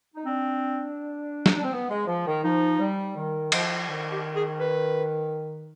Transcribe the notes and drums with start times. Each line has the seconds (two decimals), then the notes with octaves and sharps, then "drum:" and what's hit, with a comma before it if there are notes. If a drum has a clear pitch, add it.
0.15 D#4
0.26 C4 D4
1.46 D#4, drum: snare
1.55 D4
1.63 C4
1.71 B3
1.89 G#3
2.06 F3
2.25 D#3
2.43 F3 D#4
2.79 G3
3.15 D#3
3.52 F3, drum: cymbal
3.88 D#3
4.12 G4
4.36 G#4
4.60 B4